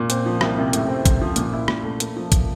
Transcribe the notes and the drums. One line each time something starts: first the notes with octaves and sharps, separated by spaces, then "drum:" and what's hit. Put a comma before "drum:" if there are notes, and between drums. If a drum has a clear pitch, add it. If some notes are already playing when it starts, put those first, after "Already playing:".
Already playing: A#2
C4, drum: hi-hat
F3
C2, drum: rim click
C3
A2, drum: hi-hat
C4
A2, drum: kick, hi-hat
F3
A#2, drum: hi-hat
E4
A#2, drum: rim click
A3
A#3, drum: hi-hat
F3
drum: kick, hi-hat